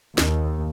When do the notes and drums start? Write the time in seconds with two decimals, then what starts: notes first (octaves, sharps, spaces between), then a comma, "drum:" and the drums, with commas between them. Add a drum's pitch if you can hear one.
0.18 D#2, drum: snare